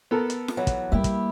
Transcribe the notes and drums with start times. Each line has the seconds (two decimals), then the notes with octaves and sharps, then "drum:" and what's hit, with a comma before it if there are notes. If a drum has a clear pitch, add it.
0.11 B3 A4 A#4
0.30 drum: hi-hat
0.48 drum: snare F4
0.57 E3 F#3
0.67 drum: kick, hi-hat
0.92 G3 A#3 E4 G4
1.04 drum: kick, hi-hat